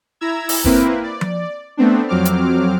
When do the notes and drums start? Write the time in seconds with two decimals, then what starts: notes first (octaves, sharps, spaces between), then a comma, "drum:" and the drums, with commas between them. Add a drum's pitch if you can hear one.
0.21 E4 A#5 E6 G#6
0.49 drum: open hi-hat
0.64 A#3 C4 E4 A#4 B4, drum: kick
1.03 D5
1.21 drum: tom F3
1.77 A3 B3 C4 D4
2.08 F2 F#3 C4 D6 F6
2.25 drum: hi-hat